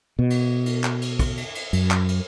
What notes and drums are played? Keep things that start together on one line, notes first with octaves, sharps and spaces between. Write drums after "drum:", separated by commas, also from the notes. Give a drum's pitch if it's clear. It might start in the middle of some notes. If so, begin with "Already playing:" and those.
B2
drum: cymbal
drum: cymbal
drum: clap
drum: cymbal
drum: kick, cymbal
drum: cymbal
drum: cymbal
F#2, drum: cymbal
drum: clap
drum: cymbal